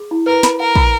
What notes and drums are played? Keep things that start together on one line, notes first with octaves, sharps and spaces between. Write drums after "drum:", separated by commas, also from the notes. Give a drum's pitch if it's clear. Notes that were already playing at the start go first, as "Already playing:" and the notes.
Already playing: G#4
E4
A#4 B4
B5, drum: snare
A#4 F#5
B5, drum: kick